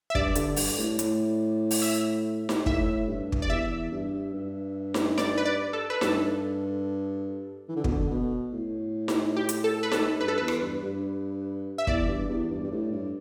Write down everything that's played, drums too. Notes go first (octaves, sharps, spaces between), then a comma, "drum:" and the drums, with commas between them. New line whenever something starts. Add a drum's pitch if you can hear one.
E5
G2 D5, drum: kick
D3, drum: hi-hat
G2, drum: open hi-hat
A2
A2, drum: hi-hat
drum: open hi-hat
E5
drum: snare D#4
A2 E5, drum: kick
G2
drum: kick
D5
E2 E5
G2
G2
drum: snare D#4
D5, drum: snare D#4
B4
D5
A4
B4
G2 A4, drum: snare D#4
E3
D3
B2, drum: kick
D3
B2
A2
drum: snare D#4
G4
drum: hi-hat
A4
B4
A4, drum: snare D#4
G2 B4
A4
E2 B4
drum: rim click
G2
G2
E5
E2 D5, drum: kick
G2
E2
G2
G2
A2
G2